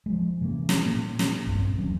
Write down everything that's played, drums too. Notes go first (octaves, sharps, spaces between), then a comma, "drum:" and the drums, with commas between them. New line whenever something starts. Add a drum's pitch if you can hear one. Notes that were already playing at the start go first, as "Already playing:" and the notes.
F3 G#3
C3 E3 A#3 C#4
drum: snare
A#2 A#3
drum: snare
A#1 G2 A#2 C4
D#1 E3 F#3 C#4